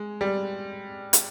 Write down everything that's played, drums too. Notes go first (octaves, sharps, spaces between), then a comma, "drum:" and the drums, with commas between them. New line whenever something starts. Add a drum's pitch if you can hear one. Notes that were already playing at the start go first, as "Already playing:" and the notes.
Already playing: G#3
G3
drum: hi-hat